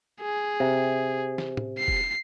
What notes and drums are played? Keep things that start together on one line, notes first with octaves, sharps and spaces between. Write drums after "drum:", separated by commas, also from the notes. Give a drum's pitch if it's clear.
G#4
C3
drum: snare
drum: tom
C7
drum: kick F1